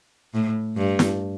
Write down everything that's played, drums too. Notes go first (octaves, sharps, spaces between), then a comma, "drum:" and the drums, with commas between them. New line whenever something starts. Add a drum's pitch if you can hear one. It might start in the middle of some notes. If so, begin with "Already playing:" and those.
A2
G2
drum: snare